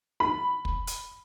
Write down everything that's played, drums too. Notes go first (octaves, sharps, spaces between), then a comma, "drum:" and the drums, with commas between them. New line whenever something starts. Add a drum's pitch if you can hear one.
B5
drum: kick
drum: hi-hat